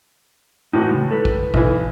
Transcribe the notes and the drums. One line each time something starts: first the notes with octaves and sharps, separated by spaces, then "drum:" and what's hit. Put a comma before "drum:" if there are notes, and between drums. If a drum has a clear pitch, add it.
A2 E3 D#4 E4 F#4
C#3 G#3
A4 B4
drum: kick
B1 E3, drum: kick